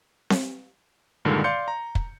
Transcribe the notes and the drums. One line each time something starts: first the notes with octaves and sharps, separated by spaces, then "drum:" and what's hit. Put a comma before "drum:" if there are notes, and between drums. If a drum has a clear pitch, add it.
drum: snare C4
G2 A#2 D3 D#3 G#3
D5 F5 C6 G6 C#7
A#5
drum: kick